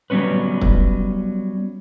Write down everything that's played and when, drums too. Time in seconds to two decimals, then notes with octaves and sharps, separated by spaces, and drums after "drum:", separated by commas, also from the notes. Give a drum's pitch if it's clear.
0.10 F#3 G3 B3 C#4 B4
0.61 drum: kick